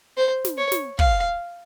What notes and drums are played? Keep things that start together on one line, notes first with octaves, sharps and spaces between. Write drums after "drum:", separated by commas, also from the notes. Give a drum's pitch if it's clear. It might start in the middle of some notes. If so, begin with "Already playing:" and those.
C5
drum: snare
C#5
drum: snare
F5, drum: kick